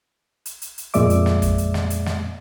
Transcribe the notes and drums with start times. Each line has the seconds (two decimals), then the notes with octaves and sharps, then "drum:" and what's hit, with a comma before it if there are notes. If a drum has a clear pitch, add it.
0.46 drum: hi-hat
0.62 drum: hi-hat
0.78 drum: hi-hat
0.94 F2 A#2 G#3 D5 E5 D6, drum: hi-hat
1.10 drum: hi-hat
1.26 drum: snare
1.42 drum: kick, hi-hat
1.58 drum: hi-hat
1.74 drum: snare
1.90 drum: hi-hat
2.06 drum: snare